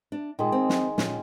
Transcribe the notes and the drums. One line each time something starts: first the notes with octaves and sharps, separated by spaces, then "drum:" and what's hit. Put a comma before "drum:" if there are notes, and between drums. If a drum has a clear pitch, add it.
D4
A#2 D#3 G#3
C4
drum: snare
A#2 C#4, drum: snare